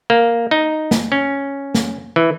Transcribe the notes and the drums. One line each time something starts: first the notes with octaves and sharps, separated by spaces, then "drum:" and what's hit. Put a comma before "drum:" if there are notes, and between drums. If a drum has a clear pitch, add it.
A#3
D#4
drum: snare
C#4
drum: snare
E3